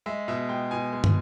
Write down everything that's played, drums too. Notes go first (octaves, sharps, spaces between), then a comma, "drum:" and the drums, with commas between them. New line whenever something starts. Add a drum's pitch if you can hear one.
G#3 E5
B2 E5
G#3 G5
B2 G#5
G#3
drum: tom